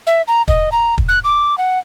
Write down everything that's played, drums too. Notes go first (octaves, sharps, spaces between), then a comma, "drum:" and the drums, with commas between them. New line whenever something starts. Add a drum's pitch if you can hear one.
E5
A#5
D#5, drum: kick
A#5
drum: kick
F#6
D6
F#5